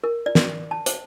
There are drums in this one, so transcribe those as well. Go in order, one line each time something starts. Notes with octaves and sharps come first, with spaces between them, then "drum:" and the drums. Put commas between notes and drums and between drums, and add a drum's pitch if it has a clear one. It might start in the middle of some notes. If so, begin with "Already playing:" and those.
A#4
D5
drum: snare
A5
C5, drum: hi-hat